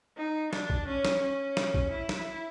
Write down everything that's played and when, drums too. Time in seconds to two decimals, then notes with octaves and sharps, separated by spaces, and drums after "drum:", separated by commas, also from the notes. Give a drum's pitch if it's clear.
0.17 D#4
0.53 D4, drum: snare
0.70 drum: kick
0.88 C#4
1.05 drum: snare
1.22 C#4
1.57 drum: snare
1.74 drum: kick
1.92 E4
2.09 drum: snare